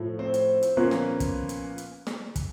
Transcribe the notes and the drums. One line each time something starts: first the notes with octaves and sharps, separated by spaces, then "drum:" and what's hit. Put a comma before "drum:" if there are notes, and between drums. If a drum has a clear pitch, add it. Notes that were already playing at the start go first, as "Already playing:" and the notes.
Already playing: A2 F3 A3
C4 C5
drum: hi-hat
drum: hi-hat
A#2 F3 A#3 B3 C#4 B4
drum: snare
drum: kick, hi-hat
drum: hi-hat
drum: hi-hat
drum: snare
drum: kick, hi-hat